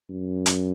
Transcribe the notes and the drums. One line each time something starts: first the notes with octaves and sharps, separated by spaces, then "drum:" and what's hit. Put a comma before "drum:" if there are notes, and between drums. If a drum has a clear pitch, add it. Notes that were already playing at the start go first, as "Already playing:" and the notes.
F#2
drum: hi-hat